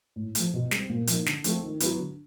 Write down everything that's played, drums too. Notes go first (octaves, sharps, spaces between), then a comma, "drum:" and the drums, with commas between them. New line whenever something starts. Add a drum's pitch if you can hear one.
A2
F3 A3, drum: hi-hat
B2
G3 C4, drum: snare
A#2
F3 A#3 D#4, drum: hi-hat
D3, drum: snare
F3 A3 C4 F4, drum: hi-hat
D#3
F#3 B3 E4, drum: hi-hat
D3